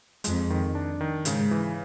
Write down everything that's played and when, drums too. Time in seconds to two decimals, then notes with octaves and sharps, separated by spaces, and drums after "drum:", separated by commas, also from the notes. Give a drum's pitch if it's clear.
0.24 F2 G#3, drum: hi-hat
0.50 D#3
0.75 D4
1.01 D#3
1.25 G#2 C#3, drum: hi-hat
1.51 E3